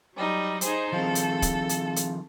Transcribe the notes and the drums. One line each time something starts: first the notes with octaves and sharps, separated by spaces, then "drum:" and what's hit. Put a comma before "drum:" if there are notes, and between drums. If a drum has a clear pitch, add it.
F#3 G3 D#4
D#4 G#4 C5, drum: hi-hat
D#3 F3 C4 G#4 A4 F5
drum: hi-hat
drum: kick D1, hi-hat
drum: hi-hat
drum: hi-hat